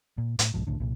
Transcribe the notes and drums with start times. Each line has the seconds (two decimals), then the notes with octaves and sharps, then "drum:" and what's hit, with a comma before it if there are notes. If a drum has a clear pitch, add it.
0.18 A#2
0.39 A2, drum: hi-hat
0.54 B1 G#2 F3
0.67 C2 A2 D3
0.80 C2 A#2